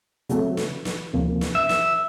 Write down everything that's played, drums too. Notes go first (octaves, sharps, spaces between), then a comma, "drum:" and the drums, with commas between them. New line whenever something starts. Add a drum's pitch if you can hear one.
C#3 F#3 A3 C4, drum: hi-hat
drum: snare
drum: snare
D2 C3 F3 A#3 C#4
drum: snare
E5
drum: snare